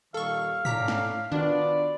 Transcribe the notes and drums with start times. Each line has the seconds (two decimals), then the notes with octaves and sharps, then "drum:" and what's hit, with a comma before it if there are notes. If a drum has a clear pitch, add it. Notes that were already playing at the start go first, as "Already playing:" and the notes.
0.14 A#2 D#3 G3 A4 F5 C#6
0.65 A2 C#4 D4 A#5 D6 B6, drum: tom
0.88 drum: snare
1.32 D#3 B3 D4 F4 F#4 B4 D5